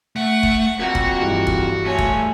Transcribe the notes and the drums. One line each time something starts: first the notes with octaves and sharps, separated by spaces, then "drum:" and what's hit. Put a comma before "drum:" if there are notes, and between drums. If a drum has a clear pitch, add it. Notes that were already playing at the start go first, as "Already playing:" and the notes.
A3 F#5 C#6
drum: kick E1
F2 A#3 F#4 F#5
drum: kick E1
G2 E3 G#3
drum: kick E1
A3 C#5 G#5
drum: kick E1